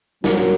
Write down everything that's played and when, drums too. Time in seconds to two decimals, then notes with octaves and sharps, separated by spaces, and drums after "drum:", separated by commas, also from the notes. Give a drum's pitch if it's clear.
0.24 G#2 F#3 A#3 C#4 F#4 A#4, drum: snare